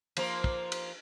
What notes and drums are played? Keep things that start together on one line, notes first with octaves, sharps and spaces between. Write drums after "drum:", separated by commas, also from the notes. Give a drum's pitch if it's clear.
F3 A#3 C5, drum: cymbal
drum: kick
drum: cymbal